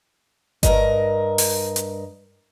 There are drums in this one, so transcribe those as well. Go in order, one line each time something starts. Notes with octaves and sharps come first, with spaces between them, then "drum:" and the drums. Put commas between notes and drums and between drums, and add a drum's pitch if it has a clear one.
G2 A#4 D#5, drum: kick G1, hi-hat
drum: open hi-hat
drum: hi-hat